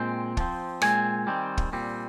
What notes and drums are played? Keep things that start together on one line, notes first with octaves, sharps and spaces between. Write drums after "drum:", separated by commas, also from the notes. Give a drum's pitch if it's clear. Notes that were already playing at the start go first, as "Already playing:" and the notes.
Already playing: A#2 G#3 C4 G5
F3 C4, drum: kick
A#2 G#3 C4 G#5, drum: rim click
D#3 G3 C4
drum: kick
A#2 G3 C4